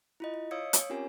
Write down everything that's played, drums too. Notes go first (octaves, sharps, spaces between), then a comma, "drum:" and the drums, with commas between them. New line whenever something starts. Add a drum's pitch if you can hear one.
E4 F4 D#5
D#5
C#5 F5 D#6 E6 G#6 C#7
C#5, drum: hi-hat
C4 C#4 F4 G4 A#4 G#5